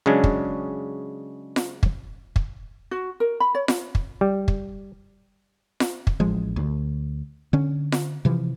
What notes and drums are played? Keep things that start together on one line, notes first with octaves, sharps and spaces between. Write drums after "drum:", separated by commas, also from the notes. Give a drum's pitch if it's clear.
C#3 F#3 G#3 C#4 D4
drum: kick
drum: snare F4
drum: kick
drum: kick
F#4
A#4
B5
C#5
drum: snare F4
drum: kick
G3
drum: kick
drum: snare F4
drum: kick
A1 F3 G#3
D2
D3 C#4
drum: snare F4
C3 E3 F3